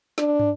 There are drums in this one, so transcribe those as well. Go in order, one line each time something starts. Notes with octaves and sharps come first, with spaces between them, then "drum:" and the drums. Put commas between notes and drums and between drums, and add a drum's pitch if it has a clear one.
D4, drum: snare
drum: tom